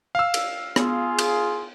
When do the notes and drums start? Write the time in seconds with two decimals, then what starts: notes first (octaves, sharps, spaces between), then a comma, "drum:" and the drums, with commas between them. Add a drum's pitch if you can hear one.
0.15 F5 E6
0.34 drum: cymbal
0.76 B3 F4 G#4, drum: rim click
1.19 drum: cymbal